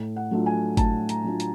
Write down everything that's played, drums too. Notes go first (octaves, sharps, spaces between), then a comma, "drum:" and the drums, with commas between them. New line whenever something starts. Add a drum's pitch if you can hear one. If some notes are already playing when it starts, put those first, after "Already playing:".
Already playing: A2
F#5
F#3 A3 D4 F4
G#5
A2 A5, drum: kick G1, hi-hat
A#5, drum: hi-hat
F#3 A3 D4 F4
A#5, drum: hi-hat